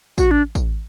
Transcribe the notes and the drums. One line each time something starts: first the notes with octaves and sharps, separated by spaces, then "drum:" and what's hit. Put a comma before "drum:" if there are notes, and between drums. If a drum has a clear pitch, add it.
F#4, drum: kick A1, tambourine
D4
drum: kick A1, tambourine